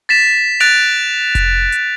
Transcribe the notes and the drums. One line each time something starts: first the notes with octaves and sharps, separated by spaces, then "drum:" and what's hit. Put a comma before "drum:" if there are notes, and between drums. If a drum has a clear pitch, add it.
A6 B6 E7
F#6 A6 D7 F7, drum: hi-hat
drum: kick F1, hi-hat
drum: hi-hat